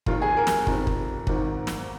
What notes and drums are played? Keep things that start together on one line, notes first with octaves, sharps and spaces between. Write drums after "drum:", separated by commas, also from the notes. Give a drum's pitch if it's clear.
F1 D#2 D#3 F4, drum: kick
G#4
A#4
drum: snare
F1 F2 D#3, drum: kick
drum: kick
G#1 G#2 D#3, drum: kick
drum: snare